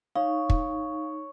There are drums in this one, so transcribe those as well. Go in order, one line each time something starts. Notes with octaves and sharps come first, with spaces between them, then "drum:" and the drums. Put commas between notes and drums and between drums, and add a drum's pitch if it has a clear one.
D#4 C#5 F5
drum: kick